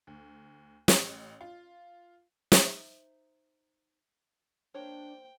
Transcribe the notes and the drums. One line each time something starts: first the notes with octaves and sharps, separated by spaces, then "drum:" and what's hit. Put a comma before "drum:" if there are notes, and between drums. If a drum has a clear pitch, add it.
D2
A1, drum: snare
F4
drum: snare
D#4 C5 E5
A#3 D4 C5 C#5 G5